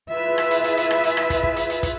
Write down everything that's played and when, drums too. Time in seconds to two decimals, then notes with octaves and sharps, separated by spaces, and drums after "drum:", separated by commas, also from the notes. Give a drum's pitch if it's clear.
0.11 E4 F4 G#4 B4 E5
0.38 drum: rim click
0.51 drum: hi-hat
0.64 drum: hi-hat
0.77 drum: hi-hat
0.91 drum: rim click
1.04 drum: hi-hat
1.17 drum: rim click
1.30 drum: kick, hi-hat
1.43 drum: kick
1.57 drum: hi-hat
1.70 drum: hi-hat
1.83 drum: kick, hi-hat